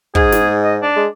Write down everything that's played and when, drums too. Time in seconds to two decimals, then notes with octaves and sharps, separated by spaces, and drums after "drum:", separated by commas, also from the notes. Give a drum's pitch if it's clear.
0.15 G#2 G#4, drum: kick
0.32 drum: snare
0.64 D#5
0.82 D4
0.96 G#3